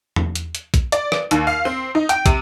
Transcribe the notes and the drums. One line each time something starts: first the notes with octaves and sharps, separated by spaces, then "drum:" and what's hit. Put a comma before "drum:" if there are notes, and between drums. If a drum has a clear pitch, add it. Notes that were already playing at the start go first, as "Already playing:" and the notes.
drum: tom E2
drum: hi-hat
drum: hi-hat
drum: kick, hi-hat
D5, drum: hi-hat
drum: rim click
D#2, drum: hi-hat
F5
C4
D#4
G5, drum: hi-hat
C3, drum: kick, hi-hat